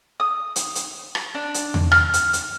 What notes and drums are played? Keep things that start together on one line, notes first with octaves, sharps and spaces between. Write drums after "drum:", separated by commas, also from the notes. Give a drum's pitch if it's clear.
D#6
drum: hi-hat
drum: hi-hat
drum: rim click
D4
drum: hi-hat
drum: tom E2
F6, drum: rim click
drum: hi-hat
drum: hi-hat